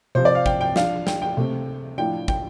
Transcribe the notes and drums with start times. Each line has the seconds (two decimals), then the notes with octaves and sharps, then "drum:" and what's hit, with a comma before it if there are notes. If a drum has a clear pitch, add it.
0.15 C3 F3 C4 C5
0.25 D5
0.35 F5
0.46 G5, drum: kick
0.61 G5
0.76 F3 D4 F5, drum: snare
1.07 G5, drum: snare
1.22 G5
1.37 C3 A3 C4
1.98 A2 F3 D4 G5
2.28 G5, drum: kick